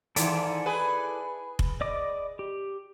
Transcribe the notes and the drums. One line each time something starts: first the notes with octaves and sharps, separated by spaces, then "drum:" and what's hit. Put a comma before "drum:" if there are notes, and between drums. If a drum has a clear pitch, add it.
G#2 D#3 E3 E4 A4 D5, drum: hi-hat
G#4 B4
drum: kick F1
D5 D#5 D6
G4